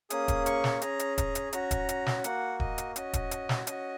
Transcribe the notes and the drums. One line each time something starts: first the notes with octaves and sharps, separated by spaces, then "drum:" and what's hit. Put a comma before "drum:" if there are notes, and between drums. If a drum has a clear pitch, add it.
A#3 C#4 G#4 D#6, drum: hi-hat
drum: kick D#1, hi-hat
C#6, drum: hi-hat
drum: snare
C#4 G#4 A#5, drum: hi-hat
drum: hi-hat
A#5, drum: kick D#1, hi-hat
drum: hi-hat
C#4 F#4 A#5, drum: hi-hat
drum: kick D#1, hi-hat
drum: hi-hat
drum: snare
A#3 F#4 F#5, drum: hi-hat
D#5, drum: kick D#1
drum: hi-hat
C#4 F#4 D#5, drum: hi-hat
drum: kick D#1, hi-hat
drum: hi-hat
drum: snare
C#4 F#4 D#5, drum: hi-hat